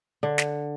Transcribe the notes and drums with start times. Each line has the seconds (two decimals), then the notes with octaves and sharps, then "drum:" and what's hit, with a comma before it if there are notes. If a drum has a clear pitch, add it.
0.23 D3
0.38 drum: snare